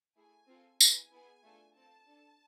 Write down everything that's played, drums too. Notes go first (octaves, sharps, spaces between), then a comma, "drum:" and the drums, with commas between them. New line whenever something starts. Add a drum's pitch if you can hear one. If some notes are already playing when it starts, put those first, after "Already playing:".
A3 E4 G#4 G#5
C4 F4 A4
B3 E4 G#4 G#5, drum: tambourine
B3 E4 G#4
A3 D4 F4 A4
C4 F4 A4 A5
D4 A4